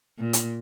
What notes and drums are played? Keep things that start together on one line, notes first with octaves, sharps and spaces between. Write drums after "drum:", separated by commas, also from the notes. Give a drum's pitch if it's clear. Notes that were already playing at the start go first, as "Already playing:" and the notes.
A#2
drum: hi-hat